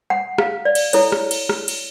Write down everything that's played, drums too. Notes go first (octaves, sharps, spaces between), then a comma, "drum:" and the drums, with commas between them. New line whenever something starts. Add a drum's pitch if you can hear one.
F#5
F5, drum: rim click
D5
drum: cymbal
E4 A4 C#5, drum: cymbal
drum: rim click
drum: cymbal
drum: rim click
drum: cymbal